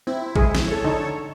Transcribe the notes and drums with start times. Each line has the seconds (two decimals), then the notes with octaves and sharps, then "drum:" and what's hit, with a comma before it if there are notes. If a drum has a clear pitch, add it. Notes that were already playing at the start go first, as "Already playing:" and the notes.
0.07 C4 E4
0.36 G#3 G#4, drum: kick A1
0.55 drum: snare
0.67 A4 C#5
0.84 D3 D#4